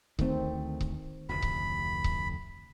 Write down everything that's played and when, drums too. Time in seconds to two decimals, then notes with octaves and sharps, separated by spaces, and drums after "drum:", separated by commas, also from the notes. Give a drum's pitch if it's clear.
0.19 D2 D#3 A3 C4, drum: kick C#1
0.81 drum: kick C#1
1.29 F1 D2 B5
1.42 drum: kick C#1
2.04 drum: kick C#1